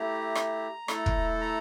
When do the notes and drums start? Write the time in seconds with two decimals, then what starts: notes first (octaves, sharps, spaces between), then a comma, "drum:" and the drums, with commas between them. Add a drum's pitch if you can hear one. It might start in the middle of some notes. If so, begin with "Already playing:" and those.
Already playing: A3 E4 G4 A#5
0.35 drum: rim click
0.88 A3 E4 A4, drum: rim click
1.06 drum: kick
1.41 A#5